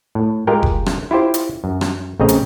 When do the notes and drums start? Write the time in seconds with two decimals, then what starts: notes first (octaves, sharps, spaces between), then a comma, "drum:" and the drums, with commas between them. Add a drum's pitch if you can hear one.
0.15 A2
0.47 G#3 F4 G4 A#4 G5
0.63 drum: kick F1
0.86 drum: rim click
1.11 E4 F4 G4 C5
1.34 drum: hi-hat
1.64 F#2
1.81 drum: rim click
2.20 A1 C#3 C4 D#5 A#5
2.29 drum: hi-hat